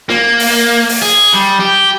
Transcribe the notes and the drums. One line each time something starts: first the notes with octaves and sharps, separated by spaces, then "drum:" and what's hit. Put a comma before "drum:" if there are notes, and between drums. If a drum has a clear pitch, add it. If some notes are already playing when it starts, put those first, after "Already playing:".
A#3, drum: snare
drum: open hi-hat
drum: open hi-hat
G#4
G3
G4